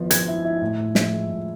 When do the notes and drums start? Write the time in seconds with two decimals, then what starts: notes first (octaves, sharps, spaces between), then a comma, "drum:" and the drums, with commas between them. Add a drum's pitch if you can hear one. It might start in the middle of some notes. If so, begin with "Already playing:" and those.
Already playing: G#1 F3 B3 E4
0.11 F3 G#6, drum: hi-hat
0.28 E4
0.45 E4
0.62 A2
0.78 A2
0.95 F3, drum: snare
1.13 G#3
1.29 A2